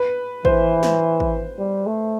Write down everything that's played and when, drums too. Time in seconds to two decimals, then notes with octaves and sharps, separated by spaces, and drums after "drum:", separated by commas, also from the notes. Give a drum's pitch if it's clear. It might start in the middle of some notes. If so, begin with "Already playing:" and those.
Already playing: B4
0.45 E3 C5, drum: kick
0.83 drum: snare
1.20 drum: kick
1.58 G3
1.86 A3